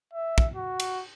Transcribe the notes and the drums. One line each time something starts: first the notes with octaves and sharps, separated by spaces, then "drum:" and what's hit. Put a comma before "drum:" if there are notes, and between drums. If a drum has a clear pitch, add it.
E5
drum: kick
F#4
drum: cymbal